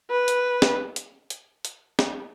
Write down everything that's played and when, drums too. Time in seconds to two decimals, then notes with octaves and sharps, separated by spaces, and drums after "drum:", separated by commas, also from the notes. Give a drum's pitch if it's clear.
0.11 B4
0.28 drum: hi-hat
0.62 drum: snare
0.96 drum: hi-hat
1.30 drum: hi-hat
1.65 drum: hi-hat
1.99 drum: snare